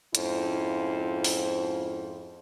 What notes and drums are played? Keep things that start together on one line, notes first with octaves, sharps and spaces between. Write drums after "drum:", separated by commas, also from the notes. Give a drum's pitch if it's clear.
F2 G#2 C#4 E4 F4 C5, drum: hi-hat
drum: open hi-hat